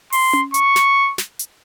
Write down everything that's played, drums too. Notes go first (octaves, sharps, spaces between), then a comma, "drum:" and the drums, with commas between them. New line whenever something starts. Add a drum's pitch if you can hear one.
C6, drum: open hi-hat
drum: tom C#4
C#6, drum: hi-hat
drum: snare
drum: snare
drum: hi-hat